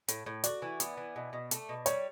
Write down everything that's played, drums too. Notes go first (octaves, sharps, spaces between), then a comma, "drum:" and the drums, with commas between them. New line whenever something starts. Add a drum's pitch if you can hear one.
A2, drum: hi-hat
A2
F#4 D5, drum: hi-hat
E3
B3, drum: hi-hat
E3
B2
B2
A3, drum: hi-hat
B2
G3 C#5, drum: hi-hat